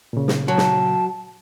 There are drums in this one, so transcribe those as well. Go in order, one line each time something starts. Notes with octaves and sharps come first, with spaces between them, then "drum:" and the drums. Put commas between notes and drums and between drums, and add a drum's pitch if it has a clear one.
A#2 C#3
drum: snare
F#3 A5
drum: snare